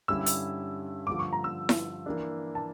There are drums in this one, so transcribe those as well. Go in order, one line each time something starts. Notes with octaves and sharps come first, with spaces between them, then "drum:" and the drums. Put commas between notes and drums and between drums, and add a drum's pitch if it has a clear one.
G2 D3 G3 C#4 E4 E6
drum: hi-hat
G2 D3 F3 D6
C#6
A#5
E6
drum: snare E4
E3 A#3 D4
A5